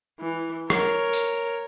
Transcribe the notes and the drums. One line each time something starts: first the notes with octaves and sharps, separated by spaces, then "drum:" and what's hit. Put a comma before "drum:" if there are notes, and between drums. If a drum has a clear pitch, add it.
E3
A#4 C#5, drum: rim click
drum: tambourine